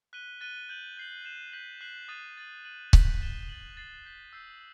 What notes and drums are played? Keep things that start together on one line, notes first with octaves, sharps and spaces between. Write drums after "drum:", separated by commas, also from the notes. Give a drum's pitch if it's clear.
F#6 B6 D#7 G7
F#6 A6 D#7 G7
G6 D#7 F#7
G6 C7 F#7
G6 C7 E7
G6 B6 F#7
F#6 C7 F#7
D#6 A6 D#7
A6 D#7 F#7
A6 D#7 F#7
F#6 B6 F#7, drum: kick C#1
A6 E7 G7
A6 D#7 F#7
A6 C7 F#7
G6 B6 F#7
E6 G6 C7